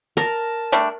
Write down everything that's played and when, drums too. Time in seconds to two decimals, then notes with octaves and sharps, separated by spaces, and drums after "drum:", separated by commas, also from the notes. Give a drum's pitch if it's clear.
0.17 A#4 A5, drum: hi-hat
0.72 G3 A3 D4, drum: hi-hat